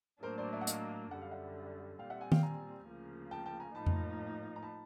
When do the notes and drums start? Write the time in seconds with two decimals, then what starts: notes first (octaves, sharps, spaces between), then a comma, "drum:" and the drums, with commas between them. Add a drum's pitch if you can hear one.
0.23 A2 F#3 A#3 D4 A#4 C5
0.38 C5 D5
0.53 D5 E5
0.61 F#5
0.67 D#5 F5, drum: hi-hat
1.11 F#2 D3 G3 F#5
1.21 F5
1.31 E5 F#5
1.99 A#2 G3 C4 F5 G5
2.10 E5 F#5
2.21 F#5 G#5
2.32 F5 G5, drum: tom D#3
2.43 G#5 A#5
2.87 D2 C#3 F3 A#3
3.31 G5 A5
3.46 G5 A5
3.60 G#5 A#5
3.75 A2 F3 A#3 D#4 A5 B5
3.86 drum: tom F2
4.56 A#5
4.62 A5 B5